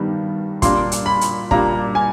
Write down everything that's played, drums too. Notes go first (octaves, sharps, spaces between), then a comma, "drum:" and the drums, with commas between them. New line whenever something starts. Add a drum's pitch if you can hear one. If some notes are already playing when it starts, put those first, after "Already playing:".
Already playing: G2 D#3 G3 B3
A#2 G3 A#3 D4 C6, drum: kick, hi-hat
drum: hi-hat
B5
drum: hi-hat
A#2 G3 A#3 D4 A#5, drum: kick
G#5